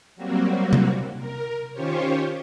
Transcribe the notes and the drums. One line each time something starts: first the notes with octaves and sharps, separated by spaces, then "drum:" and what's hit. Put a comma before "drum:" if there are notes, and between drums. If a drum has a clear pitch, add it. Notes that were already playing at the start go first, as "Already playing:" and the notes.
F#3 G3 A#3 C4 F#4
drum: tom C3
A#4
D#3 C#4 F4 G4 C5 C#5